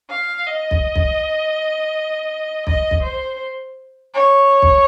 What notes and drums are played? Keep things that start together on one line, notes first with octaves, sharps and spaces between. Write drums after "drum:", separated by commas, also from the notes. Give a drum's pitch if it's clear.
F5
D#5
drum: kick
drum: kick
D#5, drum: kick
drum: kick
C5
C#5
drum: kick